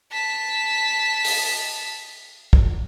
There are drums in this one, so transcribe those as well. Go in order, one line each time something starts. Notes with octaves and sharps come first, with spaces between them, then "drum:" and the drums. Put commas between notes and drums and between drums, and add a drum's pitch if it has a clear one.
A5 B6
drum: open hi-hat
drum: kick